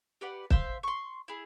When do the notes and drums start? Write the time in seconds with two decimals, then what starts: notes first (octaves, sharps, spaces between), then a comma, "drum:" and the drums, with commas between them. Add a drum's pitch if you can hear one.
0.21 G4 B4 D5 F#5
0.50 C5 E5 F5 C6, drum: kick
0.83 C6 C#6
1.28 E4 G#4